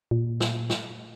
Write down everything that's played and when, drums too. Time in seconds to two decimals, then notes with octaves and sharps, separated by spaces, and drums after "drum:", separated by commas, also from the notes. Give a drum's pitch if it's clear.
0.11 A#2
0.40 drum: snare
0.70 drum: snare